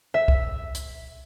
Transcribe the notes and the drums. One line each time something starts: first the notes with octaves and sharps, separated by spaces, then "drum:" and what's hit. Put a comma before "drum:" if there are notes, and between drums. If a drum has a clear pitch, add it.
E5
drum: kick C2
drum: hi-hat